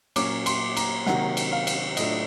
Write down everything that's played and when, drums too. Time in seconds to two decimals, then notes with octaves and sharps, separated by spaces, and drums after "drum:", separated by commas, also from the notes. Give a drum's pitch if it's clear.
0.16 A#2 F#3 A#3 C#4 D6, drum: cymbal
0.46 C6, drum: cymbal
0.77 A#5, drum: cymbal
1.06 C3 D#3 F#3 A#3 F#5, drum: snare
1.37 drum: cymbal
1.52 F5
1.67 drum: cymbal
1.97 A2 F#3 A3 D4 F4 D#5, drum: cymbal